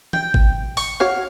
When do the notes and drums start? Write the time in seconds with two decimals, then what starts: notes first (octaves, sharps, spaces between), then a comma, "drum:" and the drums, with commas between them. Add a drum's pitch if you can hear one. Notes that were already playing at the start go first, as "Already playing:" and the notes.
0.13 G5, drum: tom E3
0.34 drum: kick G#1
0.77 C#6, drum: open hi-hat
1.00 F#4 C#5 F5 F#5